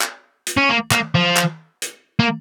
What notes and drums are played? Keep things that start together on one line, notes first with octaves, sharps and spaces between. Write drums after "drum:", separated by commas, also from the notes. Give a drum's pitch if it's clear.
drum: clap
drum: hi-hat
C#4
A#3
A#3, drum: clap
F3
drum: clap
drum: hi-hat
A#3